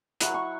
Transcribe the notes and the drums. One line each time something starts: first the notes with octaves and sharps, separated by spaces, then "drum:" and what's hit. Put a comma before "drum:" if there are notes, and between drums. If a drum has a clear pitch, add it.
F#3 E4 F#5, drum: hi-hat
C#6